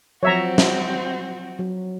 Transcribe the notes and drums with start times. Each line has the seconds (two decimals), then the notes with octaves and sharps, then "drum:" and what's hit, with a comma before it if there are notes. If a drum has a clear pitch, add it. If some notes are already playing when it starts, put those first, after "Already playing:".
0.23 F3 F#3 C4 F#4 C#5 E5 A#5
0.58 drum: snare
1.59 F#3